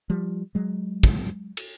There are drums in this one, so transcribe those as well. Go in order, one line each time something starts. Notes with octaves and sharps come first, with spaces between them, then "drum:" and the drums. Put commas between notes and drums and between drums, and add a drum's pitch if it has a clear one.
F3 G3
F#3 G#3
drum: kick
drum: cymbal